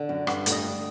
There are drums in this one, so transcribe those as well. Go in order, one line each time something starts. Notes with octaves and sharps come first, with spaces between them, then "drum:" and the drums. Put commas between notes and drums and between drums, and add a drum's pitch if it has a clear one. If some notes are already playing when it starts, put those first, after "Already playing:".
Already playing: D3
F#2
G2 F#5, drum: rim click
A3, drum: hi-hat
D#5
D3